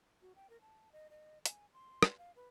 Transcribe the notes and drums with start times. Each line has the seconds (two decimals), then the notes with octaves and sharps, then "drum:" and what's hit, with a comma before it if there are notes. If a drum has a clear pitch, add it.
0.22 F#4
0.36 G5
0.50 A#4
0.61 A5
0.92 D#5
1.10 D#5
1.46 G#5, drum: hi-hat
1.73 C6
2.03 drum: rim click
2.18 F5
2.36 B4